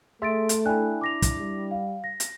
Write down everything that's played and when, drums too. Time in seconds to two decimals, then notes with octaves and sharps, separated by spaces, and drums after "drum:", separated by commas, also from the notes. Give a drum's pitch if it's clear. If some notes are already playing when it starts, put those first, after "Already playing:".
0.22 A3 G#4 E5 C6 A6 D7
0.49 drum: hi-hat
0.65 D4 E4 G5 G#5 F#6
1.01 D6 A#6 F7
1.22 drum: kick, hi-hat
1.38 G3
1.71 F5
2.04 A#6
2.20 drum: hi-hat